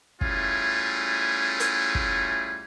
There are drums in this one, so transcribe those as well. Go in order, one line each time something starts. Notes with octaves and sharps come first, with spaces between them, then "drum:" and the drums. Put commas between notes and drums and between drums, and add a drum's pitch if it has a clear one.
G3 A3 C#4 E4 F4 G#4, drum: kick
drum: hi-hat
drum: kick